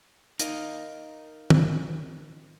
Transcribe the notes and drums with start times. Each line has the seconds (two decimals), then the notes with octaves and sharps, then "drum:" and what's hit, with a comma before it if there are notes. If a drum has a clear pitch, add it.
0.39 D#4 A#4 D#5 F5, drum: hi-hat
1.50 drum: tom